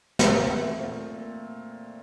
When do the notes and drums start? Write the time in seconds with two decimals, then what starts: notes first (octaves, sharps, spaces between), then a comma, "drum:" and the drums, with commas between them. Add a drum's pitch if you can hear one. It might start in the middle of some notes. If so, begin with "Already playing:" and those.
0.19 C4, drum: snare
0.48 A3
0.77 A#2